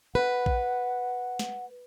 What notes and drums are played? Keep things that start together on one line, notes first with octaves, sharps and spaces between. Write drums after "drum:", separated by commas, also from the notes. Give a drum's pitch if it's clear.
B4 F#5
drum: kick A#1
drum: snare